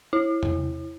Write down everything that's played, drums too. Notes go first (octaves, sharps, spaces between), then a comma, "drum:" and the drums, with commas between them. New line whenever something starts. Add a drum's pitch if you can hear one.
E4
drum: tom